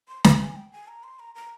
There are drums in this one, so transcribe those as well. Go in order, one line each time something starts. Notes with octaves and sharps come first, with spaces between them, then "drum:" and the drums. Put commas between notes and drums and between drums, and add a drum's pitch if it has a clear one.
C6
A#5, drum: snare
G#5
G5
G#5
A#5
C6
A#5
A#5